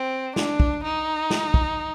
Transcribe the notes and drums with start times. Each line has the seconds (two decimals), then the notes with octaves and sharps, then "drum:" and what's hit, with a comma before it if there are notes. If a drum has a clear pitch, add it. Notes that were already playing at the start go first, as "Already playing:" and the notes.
Already playing: C4
0.36 D4, drum: snare
0.60 drum: kick
0.84 D#4
1.30 drum: snare
1.54 drum: kick